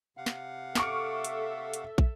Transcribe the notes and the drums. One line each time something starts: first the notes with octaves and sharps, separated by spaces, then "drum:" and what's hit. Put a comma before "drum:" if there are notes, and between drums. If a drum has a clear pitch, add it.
C3 F5 F#5
drum: snare
A4 E5 C#6 D6 F6, drum: snare
drum: hi-hat
drum: hi-hat
drum: kick